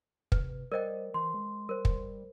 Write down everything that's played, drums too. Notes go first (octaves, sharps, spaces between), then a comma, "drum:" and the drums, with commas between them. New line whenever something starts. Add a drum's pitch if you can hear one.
C3 B4, drum: kick
G3 A#4 C5 D5 D#5 G5
E3 C6
G#3
G3 A#4 C5
drum: kick